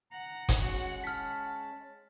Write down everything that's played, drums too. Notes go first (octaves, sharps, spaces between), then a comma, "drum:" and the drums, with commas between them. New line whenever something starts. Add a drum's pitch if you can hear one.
F#5 A#5
drum: kick F#1, hi-hat
G#3 C#4 F#4
A5 F6 B6